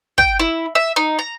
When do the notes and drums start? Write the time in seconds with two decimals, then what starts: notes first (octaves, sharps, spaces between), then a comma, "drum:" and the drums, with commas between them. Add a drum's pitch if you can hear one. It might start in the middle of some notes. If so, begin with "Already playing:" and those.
0.18 G5, drum: kick
0.40 E4
0.75 E5
0.96 D#4
1.19 A#5